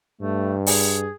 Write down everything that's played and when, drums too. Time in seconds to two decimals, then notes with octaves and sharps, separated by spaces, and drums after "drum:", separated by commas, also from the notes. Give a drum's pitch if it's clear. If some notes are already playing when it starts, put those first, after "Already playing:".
0.21 G2 A3
0.67 G#4, drum: open hi-hat